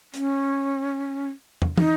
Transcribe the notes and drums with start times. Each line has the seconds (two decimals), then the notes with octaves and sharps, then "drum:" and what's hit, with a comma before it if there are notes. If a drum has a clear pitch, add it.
0.14 C#4, drum: hi-hat
1.62 drum: tom
1.78 D#4, drum: tom